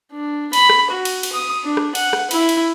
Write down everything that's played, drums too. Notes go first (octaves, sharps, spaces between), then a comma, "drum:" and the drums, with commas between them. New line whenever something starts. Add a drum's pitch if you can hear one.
D4
B5, drum: cymbal
drum: rim click
F#4
drum: cymbal
drum: cymbal
D#6
D4
drum: rim click
F#5, drum: cymbal
drum: rim click
E4, drum: cymbal
drum: cymbal